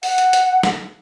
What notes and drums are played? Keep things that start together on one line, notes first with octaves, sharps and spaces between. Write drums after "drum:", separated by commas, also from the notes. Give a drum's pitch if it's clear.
F#5, drum: open hi-hat
drum: hi-hat
drum: hi-hat
drum: snare